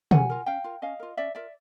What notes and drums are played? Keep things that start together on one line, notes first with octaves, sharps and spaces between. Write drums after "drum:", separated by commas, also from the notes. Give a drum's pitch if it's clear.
C#4 F#5 G#5, drum: tom
F4 A#4
C#4 F5 G5
F4 A#4
C#4 D#5 F5
F4 A#4
C#4 D5 E5
F4 A#4 D5 E5